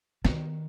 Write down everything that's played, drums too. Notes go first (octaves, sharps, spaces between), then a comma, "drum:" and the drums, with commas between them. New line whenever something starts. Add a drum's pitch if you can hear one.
D#3, drum: snare